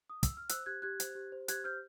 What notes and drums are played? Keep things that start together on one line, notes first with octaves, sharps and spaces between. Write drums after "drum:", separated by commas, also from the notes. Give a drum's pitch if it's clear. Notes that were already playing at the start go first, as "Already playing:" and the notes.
D#6
E6, drum: kick, hi-hat
F6
C5 E6 F#6, drum: hi-hat
G4 F#6 G#6
G4 F#6 G#6
C5, drum: hi-hat
G4
C5
G4 F#6 G#6, drum: hi-hat
C5 F6 G6